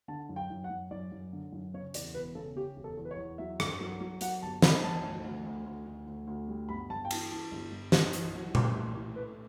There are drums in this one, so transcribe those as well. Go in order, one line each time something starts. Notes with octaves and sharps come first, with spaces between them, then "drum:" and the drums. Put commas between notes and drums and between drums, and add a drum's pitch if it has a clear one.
D3 A5
F#2
G5
F#2
F#5
F#2
F#2 D5
F#2
D3
F#2
C#3 C#5
E2 D5, drum: hi-hat
E1 B4
C#3 A4
C#3 G4
E1
A4
E2
B4
C#5
E2
F#3 E5
G2, drum: rim click
F#3
F#3
F#3 F#5, drum: hi-hat
G1 A5
G1 B5, drum: snare
G2 A5
D2
D2
D2
D2
D2
D2
D2
G3
G1 B5
G1 A5
G5
E3 A5, drum: cymbal
E3 A5
G1
G2
G2, drum: snare
E3, drum: hi-hat
F#3
A2, drum: tom A#2
A1
A2
A3 B4